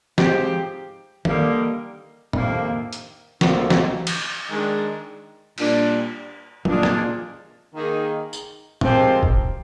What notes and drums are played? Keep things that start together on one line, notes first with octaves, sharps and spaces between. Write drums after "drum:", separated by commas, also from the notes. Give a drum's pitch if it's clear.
G#2 F3 C4 G4, drum: snare
D3 G3 A#3 D#4, drum: tom
F2 C3 D#3 A#3 D4, drum: tom
drum: hi-hat
D2 D3 F3 A#3 F4, drum: snare
drum: snare
drum: cymbal
D#3 G#3 D4
A#2 G3 D4, drum: cymbal
A#2 G#3 D4 F4 G#4, drum: tom F#3
drum: rim click
D#3 A#3 D#4 G#4
drum: tambourine
F3 G#3 C4 G4 A#4, drum: tom
drum: kick